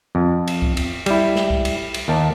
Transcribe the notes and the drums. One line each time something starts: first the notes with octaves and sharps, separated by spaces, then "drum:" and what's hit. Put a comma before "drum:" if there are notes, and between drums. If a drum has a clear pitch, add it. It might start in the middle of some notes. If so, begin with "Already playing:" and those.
F2
drum: cymbal
drum: kick C2
drum: cymbal
G3 E4, drum: cymbal
drum: snare
drum: kick C2
drum: cymbal
drum: cymbal
D#2 A#4 A5